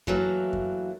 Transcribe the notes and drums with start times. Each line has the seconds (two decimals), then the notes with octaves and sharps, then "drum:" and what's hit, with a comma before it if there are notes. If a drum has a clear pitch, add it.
0.07 E3 F#3 A3 A#3, drum: kick F#2
0.53 drum: kick F#2